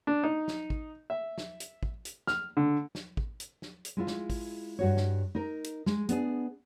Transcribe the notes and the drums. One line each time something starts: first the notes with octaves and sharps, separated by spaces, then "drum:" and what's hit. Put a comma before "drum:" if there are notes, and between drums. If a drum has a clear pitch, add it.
D4
D#4
drum: snare
drum: kick
E5
drum: snare
drum: hi-hat
drum: kick
drum: hi-hat
F6, drum: snare
D3
drum: snare
drum: kick
drum: hi-hat
drum: snare
drum: hi-hat
G#3 E4 F4
drum: snare
drum: kick, open hi-hat
G2 F#4 C#5
drum: snare
D#4 A#4
drum: hi-hat
G#3, drum: snare
B3 D4 G#4, drum: hi-hat